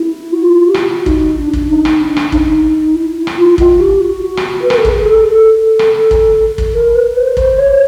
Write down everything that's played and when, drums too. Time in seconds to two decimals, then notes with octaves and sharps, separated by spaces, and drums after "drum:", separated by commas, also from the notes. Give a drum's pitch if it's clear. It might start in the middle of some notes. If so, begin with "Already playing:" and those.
Already playing: E4
0.33 F#4
0.43 F4
0.68 G4
0.74 F#4, drum: rim click
1.06 D#4, drum: kick
1.38 D4
1.53 drum: kick
1.69 D#4
1.85 drum: rim click
2.01 D4
2.17 drum: rim click
2.32 D#4, drum: kick
2.95 E4
3.17 E4
3.27 drum: rim click
3.37 F4
3.58 F4, drum: kick
3.80 G4
4.00 F#4
4.22 F#4
4.37 drum: rim click
4.62 B4
4.70 A#4, drum: rim click
4.78 A4
4.85 G#4, drum: kick
4.98 G#4
5.05 A4
5.27 A4
5.79 drum: rim click
6.11 drum: kick
6.58 drum: kick
6.74 A#4
6.95 B4
7.16 C5
7.37 C5, drum: kick
7.58 C#5